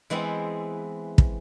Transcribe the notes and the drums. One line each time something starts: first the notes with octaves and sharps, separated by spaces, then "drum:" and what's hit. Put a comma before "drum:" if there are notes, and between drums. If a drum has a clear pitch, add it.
E3 G#3 B3 C4 E4
drum: kick